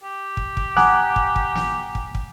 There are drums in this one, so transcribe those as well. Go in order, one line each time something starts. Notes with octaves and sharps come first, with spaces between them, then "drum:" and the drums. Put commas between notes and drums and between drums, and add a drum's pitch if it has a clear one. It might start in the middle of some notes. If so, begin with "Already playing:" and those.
G4
drum: kick
drum: kick
F#5 G#5 A#5 D6 D#6 F#6, drum: snare
drum: kick
drum: kick
drum: snare
drum: kick
drum: kick